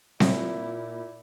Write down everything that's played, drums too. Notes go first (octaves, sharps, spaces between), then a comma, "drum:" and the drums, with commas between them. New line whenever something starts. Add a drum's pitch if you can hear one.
A#2 E4, drum: snare C4